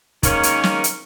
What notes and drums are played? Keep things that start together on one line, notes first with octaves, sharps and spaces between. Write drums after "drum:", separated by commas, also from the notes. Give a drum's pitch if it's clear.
D#3 G#3 A#3 C#4 A#4 C#5, drum: kick, hi-hat
drum: hi-hat
drum: snare
drum: hi-hat